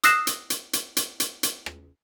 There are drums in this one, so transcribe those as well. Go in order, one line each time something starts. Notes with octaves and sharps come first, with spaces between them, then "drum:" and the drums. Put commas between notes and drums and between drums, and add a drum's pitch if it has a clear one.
D#6 E6 F#6 A#6 C7 E7, drum: hi-hat
drum: hi-hat
drum: hi-hat
drum: hi-hat
drum: hi-hat
drum: hi-hat
drum: hi-hat
drum: rim click